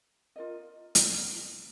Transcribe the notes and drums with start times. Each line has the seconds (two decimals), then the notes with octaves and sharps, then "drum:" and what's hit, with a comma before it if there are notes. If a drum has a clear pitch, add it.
0.36 F4 A#4 D#5
0.95 drum: hi-hat